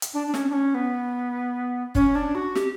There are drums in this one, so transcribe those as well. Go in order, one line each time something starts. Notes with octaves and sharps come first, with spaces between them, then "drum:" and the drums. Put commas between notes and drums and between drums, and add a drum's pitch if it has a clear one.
drum: hi-hat
D4
D4
C#4, drum: snare
D4
C#4
B3
C#4, drum: kick
D4
F#4
G4, drum: snare